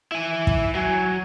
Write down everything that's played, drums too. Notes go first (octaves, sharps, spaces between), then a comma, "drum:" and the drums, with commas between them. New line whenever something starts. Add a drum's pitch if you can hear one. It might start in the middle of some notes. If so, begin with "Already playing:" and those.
E4 G#5
drum: kick
F#3 G#5